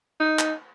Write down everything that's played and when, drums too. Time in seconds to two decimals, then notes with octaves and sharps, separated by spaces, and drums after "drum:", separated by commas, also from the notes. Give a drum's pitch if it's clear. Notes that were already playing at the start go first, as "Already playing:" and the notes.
0.20 D#4
0.39 drum: clap